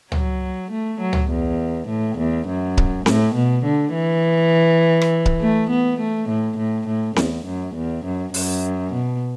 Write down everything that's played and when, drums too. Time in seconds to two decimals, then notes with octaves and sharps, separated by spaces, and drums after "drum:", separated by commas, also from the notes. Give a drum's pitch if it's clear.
0.12 F#3, drum: tom C#2
0.71 A3
1.00 F#3
1.13 drum: tom C#2
1.30 E2
1.88 A2
2.18 E2
2.47 F#2
2.77 drum: kick C#1
3.06 A2, drum: snare C4
3.35 B2
3.64 D3
3.93 E3
5.01 drum: rim click
5.26 drum: kick C#1
5.40 A3
5.70 B3
6.00 A3
6.29 A2
6.57 A2
6.87 A2
7.16 E2, drum: snare C4
7.45 F#2
7.75 E2
8.05 F#2
8.34 F#2, drum: open hi-hat
8.93 B2